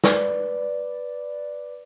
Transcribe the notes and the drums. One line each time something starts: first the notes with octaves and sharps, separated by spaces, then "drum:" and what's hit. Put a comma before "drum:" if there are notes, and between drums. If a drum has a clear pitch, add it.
B4 D5, drum: snare